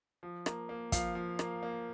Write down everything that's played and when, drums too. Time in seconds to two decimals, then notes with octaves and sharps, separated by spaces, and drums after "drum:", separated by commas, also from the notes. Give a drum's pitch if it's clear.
0.23 F3
0.46 A#3, drum: rim click
0.69 A#3
0.92 F3 F5, drum: kick, hi-hat
1.15 F3
1.39 A#3, drum: rim click
1.63 A#3